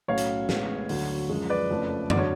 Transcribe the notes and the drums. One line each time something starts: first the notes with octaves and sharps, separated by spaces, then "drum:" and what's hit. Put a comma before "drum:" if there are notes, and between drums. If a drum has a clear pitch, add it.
B1 A2 F#3 C#4 C#5 F5
drum: hi-hat
A1 A2 G#3 B3, drum: snare
D2 D3 F#3, drum: open hi-hat
F#2 F3 G#3
B4 D5
F#1 F2 F3 A3 C#4
D3 F#3 D5, drum: tom F#2
C#5